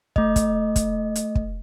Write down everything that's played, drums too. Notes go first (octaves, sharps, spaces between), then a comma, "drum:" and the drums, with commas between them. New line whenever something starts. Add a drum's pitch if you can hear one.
A3 D#5, drum: kick
drum: kick, hi-hat
drum: kick, hi-hat
drum: hi-hat
drum: kick